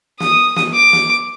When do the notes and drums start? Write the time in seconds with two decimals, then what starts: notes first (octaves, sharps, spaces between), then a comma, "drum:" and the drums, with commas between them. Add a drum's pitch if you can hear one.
0.20 D#6, drum: snare
0.56 drum: snare
0.74 D6
0.93 drum: snare